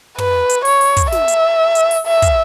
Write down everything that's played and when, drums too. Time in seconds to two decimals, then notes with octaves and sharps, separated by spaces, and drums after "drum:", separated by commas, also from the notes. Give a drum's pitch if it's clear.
0.18 B4, drum: tom
0.49 drum: hi-hat
0.65 C#5, drum: open hi-hat
0.81 drum: open hi-hat
0.97 drum: kick, hi-hat
1.12 E5, drum: snare
1.28 drum: hi-hat
1.75 drum: hi-hat
1.91 drum: open hi-hat
2.06 E5
2.22 drum: kick, hi-hat